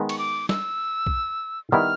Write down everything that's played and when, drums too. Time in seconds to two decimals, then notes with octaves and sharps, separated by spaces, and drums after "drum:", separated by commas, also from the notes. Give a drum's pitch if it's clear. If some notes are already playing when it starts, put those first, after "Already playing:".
Already playing: D#3 G#3 B3
0.09 C#6, drum: cymbal
0.18 D6
0.49 E6, drum: snare
1.06 drum: kick
1.71 D#3 G3 B3 E4 F6